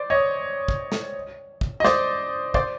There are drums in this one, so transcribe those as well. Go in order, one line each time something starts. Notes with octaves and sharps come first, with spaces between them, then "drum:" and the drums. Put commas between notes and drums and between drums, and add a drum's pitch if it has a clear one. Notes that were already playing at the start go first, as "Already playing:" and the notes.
Already playing: C5 D5
C#5 D#5
drum: kick
drum: snare
drum: kick
D#5
C5 D5, drum: snare
C5 D5, drum: kick